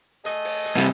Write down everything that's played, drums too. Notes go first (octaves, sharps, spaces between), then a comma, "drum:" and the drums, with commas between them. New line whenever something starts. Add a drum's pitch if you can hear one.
A3 G#4 D#5, drum: hi-hat
drum: open hi-hat
drum: hi-hat
G2 C3 G3